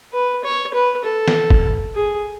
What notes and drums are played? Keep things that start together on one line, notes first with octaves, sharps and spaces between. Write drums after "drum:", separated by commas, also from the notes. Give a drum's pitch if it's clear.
B4
C#5
B4
A4
drum: snare E3
drum: kick
G#4